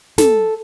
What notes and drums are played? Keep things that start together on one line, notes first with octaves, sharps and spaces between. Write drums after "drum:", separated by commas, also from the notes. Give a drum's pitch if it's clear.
A4, drum: snare